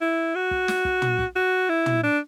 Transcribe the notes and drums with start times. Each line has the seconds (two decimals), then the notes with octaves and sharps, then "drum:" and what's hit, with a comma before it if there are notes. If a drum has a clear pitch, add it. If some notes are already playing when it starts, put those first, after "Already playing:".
0.01 E4
0.35 F#4
0.51 drum: kick
0.68 drum: snare
0.85 drum: kick
1.02 drum: tom
1.19 drum: kick
1.35 F#4
1.69 E4
1.86 drum: tom
2.03 D4